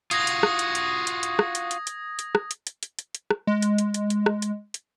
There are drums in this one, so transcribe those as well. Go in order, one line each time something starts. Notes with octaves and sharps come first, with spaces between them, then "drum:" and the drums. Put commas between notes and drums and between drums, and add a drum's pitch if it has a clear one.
F4 F#4 D#6 G#6 A#6, drum: hi-hat
drum: hi-hat
drum: rim click
drum: hi-hat
drum: hi-hat
drum: hi-hat
drum: hi-hat
drum: rim click
drum: hi-hat
drum: hi-hat
drum: hi-hat
drum: hi-hat
drum: rim click
drum: hi-hat
drum: hi-hat
drum: hi-hat
drum: hi-hat
drum: hi-hat
drum: rim click
G#3
drum: hi-hat
drum: hi-hat
drum: hi-hat
drum: hi-hat
drum: rim click
drum: hi-hat
drum: hi-hat